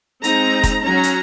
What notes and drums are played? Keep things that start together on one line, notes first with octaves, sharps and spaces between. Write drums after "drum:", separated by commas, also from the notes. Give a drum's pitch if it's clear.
G#3 C4 D#4 A#5, drum: hi-hat
drum: kick F1, hi-hat
F#3 C#4 A#5
drum: hi-hat